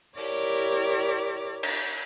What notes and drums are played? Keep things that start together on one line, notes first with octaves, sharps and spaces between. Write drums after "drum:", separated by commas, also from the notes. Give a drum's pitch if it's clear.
E4 G4 A#4 C#5 D5 D6, drum: open hi-hat
drum: cymbal